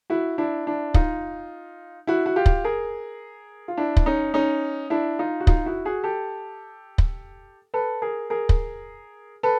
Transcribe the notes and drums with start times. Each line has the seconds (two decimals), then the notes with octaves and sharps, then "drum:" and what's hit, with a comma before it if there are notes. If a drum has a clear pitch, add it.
0.10 E4 F#4
0.38 D4 E4
0.67 D4 E4
0.94 D#4 F4, drum: kick
2.07 E4 F#4
2.26 F#4
2.36 F4 G4
2.46 drum: kick
2.64 G#4 A#4
3.68 F4
3.77 D4 E4
3.97 drum: kick
4.06 C#4 D#4
4.34 C#4 D#4
4.90 D4 E4
5.19 D#4 F4
5.40 F#4
5.47 D#4 F4, drum: kick
5.66 E4 F#4
5.85 F#4 G#4
6.03 G4 A4
6.98 drum: kick
7.74 A4 B4
8.02 G#4 A#4
8.30 G#4 A#4
8.49 drum: kick
9.43 A4 B4